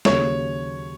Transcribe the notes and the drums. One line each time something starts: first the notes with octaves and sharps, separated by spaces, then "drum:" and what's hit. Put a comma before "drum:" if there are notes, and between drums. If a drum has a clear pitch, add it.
D#2 C#3 F#3 A#3 C#4 C#5, drum: snare